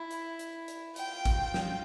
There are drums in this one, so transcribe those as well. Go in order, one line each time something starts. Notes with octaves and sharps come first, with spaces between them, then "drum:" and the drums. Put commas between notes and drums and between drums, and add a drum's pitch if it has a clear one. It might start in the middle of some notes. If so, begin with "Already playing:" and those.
Already playing: E4
drum: hi-hat
drum: hi-hat
drum: hi-hat
F4 G5, drum: hi-hat
drum: kick, hi-hat
drum: snare